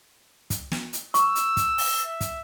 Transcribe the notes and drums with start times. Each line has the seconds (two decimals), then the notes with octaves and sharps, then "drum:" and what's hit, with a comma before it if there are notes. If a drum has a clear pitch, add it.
0.50 drum: kick, hi-hat
0.72 drum: snare
0.93 drum: hi-hat
1.14 C#6 E6, drum: hi-hat
1.35 drum: hi-hat
1.57 drum: kick, hi-hat
1.78 drum: open hi-hat
2.05 E5
2.21 drum: kick, hi-hat